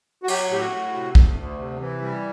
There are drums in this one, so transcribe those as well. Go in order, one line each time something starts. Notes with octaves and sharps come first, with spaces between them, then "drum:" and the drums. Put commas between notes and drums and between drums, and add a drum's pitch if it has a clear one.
F#4
F#3 G4, drum: cymbal
A2 G4
F#4
A2
C3
D2, drum: kick
D2
C3
E3
G3